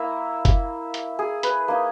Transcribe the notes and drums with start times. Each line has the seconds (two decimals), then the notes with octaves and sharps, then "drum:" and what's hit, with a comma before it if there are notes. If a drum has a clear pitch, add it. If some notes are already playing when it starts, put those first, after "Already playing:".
Already playing: A#3 E4 E5 A#5
0.45 drum: kick F#1, hi-hat
0.94 drum: hi-hat
1.19 G#4
1.43 B4, drum: hi-hat
1.68 A#3 D#4